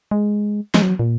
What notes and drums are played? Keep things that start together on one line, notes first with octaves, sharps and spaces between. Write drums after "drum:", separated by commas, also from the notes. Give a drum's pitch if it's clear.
G#3
G#3, drum: snare
F#3
A#2